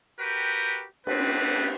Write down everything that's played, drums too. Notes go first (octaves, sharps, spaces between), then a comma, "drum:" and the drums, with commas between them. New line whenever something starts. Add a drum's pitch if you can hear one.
F#4 G4 A#4 B4 G5
A3 B3 C4 D4 B4, drum: cymbal